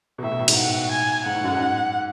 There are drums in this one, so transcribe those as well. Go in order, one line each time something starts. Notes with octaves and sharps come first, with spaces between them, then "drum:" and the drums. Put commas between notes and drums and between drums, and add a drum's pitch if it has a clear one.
B2
A2 E5
B2
A2
G#2, drum: cymbal
F#5
G#5
G#2 F#5
A2
F#2
G#2